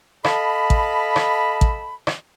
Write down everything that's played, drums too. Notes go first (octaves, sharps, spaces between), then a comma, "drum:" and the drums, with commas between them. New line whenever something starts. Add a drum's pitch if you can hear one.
A4 D#5 F5 A5 B5, drum: rim click
drum: kick
drum: rim click
drum: kick
drum: rim click